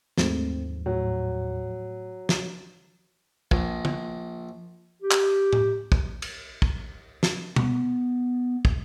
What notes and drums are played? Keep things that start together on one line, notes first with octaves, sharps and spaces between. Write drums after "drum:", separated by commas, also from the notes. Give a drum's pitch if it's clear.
D#2 G#2 F3 G#3 A3 C4, drum: snare
A2 F#3
drum: snare
A#1, drum: kick
drum: tom
G4
drum: clap
drum: tom A2
drum: kick
drum: cymbal
drum: kick
drum: snare
B3, drum: tom
drum: kick